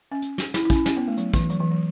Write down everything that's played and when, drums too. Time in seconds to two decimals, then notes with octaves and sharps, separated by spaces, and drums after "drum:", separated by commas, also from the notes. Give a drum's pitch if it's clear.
0.12 C#4
0.22 drum: hi-hat
0.38 drum: snare
0.54 E4, drum: snare
0.65 E4
0.70 C#4, drum: kick, hi-hat
0.76 E4
0.86 C#4, drum: snare
0.97 B3
1.08 A3
1.18 F#3, drum: hi-hat
1.33 E3, drum: kick, hi-hat
1.50 F#3, drum: hi-hat
1.60 E3
1.71 F#3